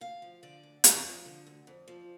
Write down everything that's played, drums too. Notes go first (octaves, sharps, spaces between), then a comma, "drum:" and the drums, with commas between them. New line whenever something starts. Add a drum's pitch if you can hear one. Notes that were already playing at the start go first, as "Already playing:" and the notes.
D2 F5
F3
D3 D5
D2
D2, drum: hi-hat
F3
D3
D2
F2
F3